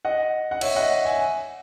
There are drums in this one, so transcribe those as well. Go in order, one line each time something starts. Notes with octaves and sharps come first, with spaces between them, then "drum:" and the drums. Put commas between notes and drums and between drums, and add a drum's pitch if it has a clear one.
D#5 F#5
F#5
C#5 E5, drum: cymbal
D#5 F#5
E5 G#5